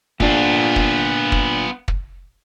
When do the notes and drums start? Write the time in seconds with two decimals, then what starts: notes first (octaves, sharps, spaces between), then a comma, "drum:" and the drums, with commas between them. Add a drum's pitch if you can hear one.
0.20 A#2 B3 D4 F4, drum: kick
0.76 drum: kick
1.32 drum: kick
1.88 drum: kick